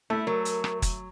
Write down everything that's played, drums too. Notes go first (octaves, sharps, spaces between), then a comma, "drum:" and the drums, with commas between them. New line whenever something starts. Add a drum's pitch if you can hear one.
A3 E4
F#3 A#4
drum: hi-hat
drum: rim click
drum: kick, hi-hat